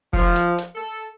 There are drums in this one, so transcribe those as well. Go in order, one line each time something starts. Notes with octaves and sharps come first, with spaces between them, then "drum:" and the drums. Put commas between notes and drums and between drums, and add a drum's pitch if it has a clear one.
F3, drum: kick F1
drum: hi-hat
drum: hi-hat
A4